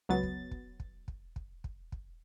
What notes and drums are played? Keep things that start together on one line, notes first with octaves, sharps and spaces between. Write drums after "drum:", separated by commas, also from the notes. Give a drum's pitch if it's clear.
C#2 F#3 B3 A6
drum: kick
drum: kick
drum: kick
drum: kick
drum: kick
drum: kick
drum: kick